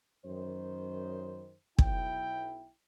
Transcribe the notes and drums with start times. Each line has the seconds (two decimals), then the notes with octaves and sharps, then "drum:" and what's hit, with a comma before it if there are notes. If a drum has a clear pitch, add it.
0.25 F#2 D#3 C5
1.79 B1 E4 G5, drum: kick